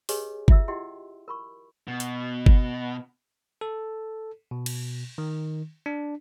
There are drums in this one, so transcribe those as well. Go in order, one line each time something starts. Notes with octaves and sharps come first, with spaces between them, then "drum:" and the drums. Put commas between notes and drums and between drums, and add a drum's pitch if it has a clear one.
G4 G#4 B4 C#5 D#5 G#5, drum: open hi-hat
F4 E5 E6, drum: kick G1
E4 G4 D#5 F#5 G5 C6
A#4 B5 C#6
B2
drum: hi-hat
drum: kick G1
A4
B2
drum: cymbal
D#3
D4